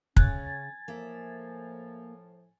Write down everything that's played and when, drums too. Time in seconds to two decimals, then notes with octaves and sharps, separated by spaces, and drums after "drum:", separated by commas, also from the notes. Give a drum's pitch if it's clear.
0.17 C#3 C#4 G#5 F#6 G#6 A6, drum: kick
0.88 A2 F3 A#3 E5